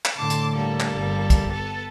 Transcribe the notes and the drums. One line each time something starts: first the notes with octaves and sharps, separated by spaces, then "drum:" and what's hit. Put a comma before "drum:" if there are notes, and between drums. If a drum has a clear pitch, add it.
drum: clap
A2 D3 A5 C6 D6
drum: hi-hat
G3 A#3 A4
drum: clap
G1
drum: kick, hi-hat
B3 A4 A6